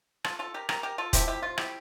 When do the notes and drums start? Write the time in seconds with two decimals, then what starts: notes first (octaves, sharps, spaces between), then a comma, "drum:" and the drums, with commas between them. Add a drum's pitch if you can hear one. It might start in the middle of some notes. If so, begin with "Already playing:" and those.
0.24 F4 A4, drum: rim click
0.39 F4 A4
0.54 G4 A#4
0.69 G4 A#4, drum: rim click
0.83 G4 A#4
0.98 F4 A4
1.13 C3 F3 A3 E4 G4, drum: kick E1, hi-hat
1.28 E4 G4
1.42 F4
1.58 E4 G4, drum: rim click